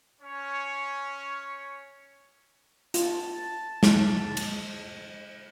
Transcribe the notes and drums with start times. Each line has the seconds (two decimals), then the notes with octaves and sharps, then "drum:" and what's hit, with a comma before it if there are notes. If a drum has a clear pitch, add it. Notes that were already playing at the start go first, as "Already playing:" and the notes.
0.21 C#4 C#5
2.94 F4 A5, drum: hi-hat
3.83 drum: snare
4.37 drum: cymbal